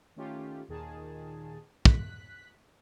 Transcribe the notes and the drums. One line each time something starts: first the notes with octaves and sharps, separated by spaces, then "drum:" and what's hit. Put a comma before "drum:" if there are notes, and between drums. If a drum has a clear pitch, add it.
D#3 A3 C#4 F4 G4
D#2 A#2 D#3 G#4 A5
F#6 B6, drum: kick